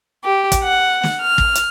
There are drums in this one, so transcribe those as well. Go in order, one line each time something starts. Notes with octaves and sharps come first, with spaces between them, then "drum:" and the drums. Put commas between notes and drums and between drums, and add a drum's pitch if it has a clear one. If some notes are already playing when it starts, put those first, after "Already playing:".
G4
drum: kick, hi-hat
F#5
drum: snare
F6
drum: kick
drum: hi-hat